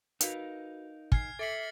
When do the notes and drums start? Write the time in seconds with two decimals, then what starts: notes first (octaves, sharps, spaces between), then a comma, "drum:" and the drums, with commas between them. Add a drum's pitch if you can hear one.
0.21 D#4 F#4 A#4 B4 F5, drum: hi-hat
1.12 G#5 F6 G#6 C7, drum: kick
1.39 A4 E5 D6 A6 C7 C#7 F#7